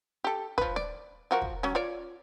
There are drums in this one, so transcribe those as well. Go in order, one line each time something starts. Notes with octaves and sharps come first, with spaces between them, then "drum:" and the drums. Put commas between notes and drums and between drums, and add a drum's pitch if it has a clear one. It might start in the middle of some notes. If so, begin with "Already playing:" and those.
G4 A4
F3 B4, drum: kick
D5, drum: snare
F3 F#4 A#4
drum: kick
F#3 C#4, drum: snare
F4 C#5 D5